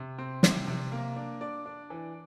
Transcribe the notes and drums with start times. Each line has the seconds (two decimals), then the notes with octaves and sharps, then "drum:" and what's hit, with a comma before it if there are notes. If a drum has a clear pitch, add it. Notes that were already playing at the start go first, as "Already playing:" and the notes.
Already playing: C3
0.19 C4
0.43 C3, drum: snare
0.67 C3
0.92 A#3
1.16 D4
1.41 D4 D5
1.66 D4
1.90 E3